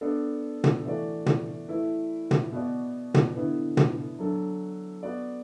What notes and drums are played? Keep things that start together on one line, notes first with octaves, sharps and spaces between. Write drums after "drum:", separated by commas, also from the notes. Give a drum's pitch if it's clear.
B3 D4 A4 D5
drum: tom
E3 A3 F#4 D5
drum: tom
A3 E4 B4 E5
drum: tom
B2 B3 F#4 D5
drum: tom
D3 B3 E4 B4
drum: tom
F#3 D4 A4
B3 F#4 D5